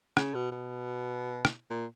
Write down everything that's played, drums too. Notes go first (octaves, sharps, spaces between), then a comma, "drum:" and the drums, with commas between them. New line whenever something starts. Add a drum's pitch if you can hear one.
C#3, drum: rim click
B2
B2
drum: rim click
A#2